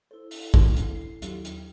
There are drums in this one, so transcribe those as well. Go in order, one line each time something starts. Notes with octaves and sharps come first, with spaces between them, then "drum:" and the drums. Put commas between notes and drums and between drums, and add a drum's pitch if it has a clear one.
E4 A4 C5
drum: open hi-hat
drum: kick
drum: hi-hat
C7
D#2 F#3 G4, drum: hi-hat
drum: hi-hat